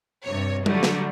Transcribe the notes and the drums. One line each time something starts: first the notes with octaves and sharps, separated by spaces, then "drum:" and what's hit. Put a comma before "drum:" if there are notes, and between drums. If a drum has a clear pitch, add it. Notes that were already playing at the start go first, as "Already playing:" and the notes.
G2 C3 C#5
D3 F#3 G3 A3, drum: tom G3
drum: snare